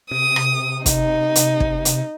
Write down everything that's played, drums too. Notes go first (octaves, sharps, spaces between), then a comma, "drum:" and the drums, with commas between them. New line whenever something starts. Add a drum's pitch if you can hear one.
C3 D#6
drum: rim click
D#4, drum: kick, hi-hat
drum: hi-hat
drum: kick
drum: hi-hat